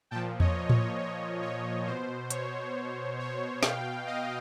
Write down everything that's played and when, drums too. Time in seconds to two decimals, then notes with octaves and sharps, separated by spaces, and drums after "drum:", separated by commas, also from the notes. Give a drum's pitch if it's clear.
0.11 A#2 F3 G5 A5
0.40 C#5 D#5, drum: tom E2
0.70 C#5, drum: tom A2
0.99 C#5
1.42 C#5
1.86 B2 C5
2.31 C#5, drum: hi-hat
3.19 C#5
3.63 B2 F5 G5, drum: snare
4.07 D#5 F5